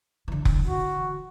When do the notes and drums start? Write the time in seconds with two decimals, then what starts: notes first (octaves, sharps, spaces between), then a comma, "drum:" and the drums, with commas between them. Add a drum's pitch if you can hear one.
0.28 D3 E3
0.45 drum: kick F1
0.67 F#4